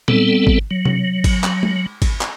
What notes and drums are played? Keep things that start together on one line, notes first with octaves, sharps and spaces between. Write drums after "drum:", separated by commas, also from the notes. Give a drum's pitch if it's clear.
G3 B3 C4 A4, drum: tom A#2
drum: kick G#1
F#3
drum: tom C3
drum: kick G#1, cymbal
drum: clap
drum: tom G#3
drum: kick G#1, cymbal
drum: clap